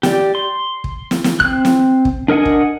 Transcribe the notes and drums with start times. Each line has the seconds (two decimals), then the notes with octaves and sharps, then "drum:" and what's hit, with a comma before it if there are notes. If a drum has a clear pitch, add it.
0.03 G4 D5, drum: snare
0.35 C6
0.84 drum: kick
1.11 drum: snare
1.24 drum: snare
1.40 C4 F#6, drum: kick
1.65 drum: snare
2.05 drum: kick
2.28 D4 A#4 D#5 F#5 G#5
2.45 drum: kick